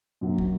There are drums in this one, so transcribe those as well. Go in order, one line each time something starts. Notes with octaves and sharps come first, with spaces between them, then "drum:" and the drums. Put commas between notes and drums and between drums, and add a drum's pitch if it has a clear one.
F#2 F#3 A#3
drum: kick